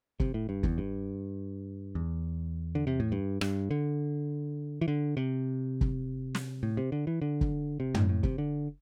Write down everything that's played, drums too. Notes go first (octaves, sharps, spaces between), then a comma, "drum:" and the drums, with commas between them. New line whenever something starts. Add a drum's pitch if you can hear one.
C3, drum: kick
A2
G2
E2, drum: kick
G2
E2
D3
C3
A2
G2
G2, drum: rim click
D3
E3
D3
C3
drum: kick
drum: snare
A2
C3
D3
E3
D3
drum: kick
C3
A2, drum: tom
A2
C3, drum: kick
D3